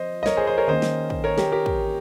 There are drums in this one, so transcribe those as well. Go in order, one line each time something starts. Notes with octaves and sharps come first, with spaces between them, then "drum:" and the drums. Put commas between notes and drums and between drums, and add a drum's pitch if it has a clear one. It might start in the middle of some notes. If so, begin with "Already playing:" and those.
Already playing: F3 C4 C5 D#5
D#5
A#4 C#5, drum: snare
G#4 C5
C5 D#5
A#4 C#5
D#3 A#3 C#4 C5 D#5
drum: snare
drum: kick
A#4 C#5
G4 A#4, drum: snare
G4 A#4
drum: kick